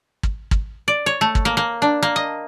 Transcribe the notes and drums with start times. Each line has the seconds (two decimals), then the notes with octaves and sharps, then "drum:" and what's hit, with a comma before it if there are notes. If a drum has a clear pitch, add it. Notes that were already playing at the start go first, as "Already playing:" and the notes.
0.23 drum: kick
0.51 drum: kick
0.88 D5
1.06 C#5
1.21 A3
1.35 drum: kick
1.45 A#3
1.57 A#3
1.82 D4
2.03 A#3
2.16 D#5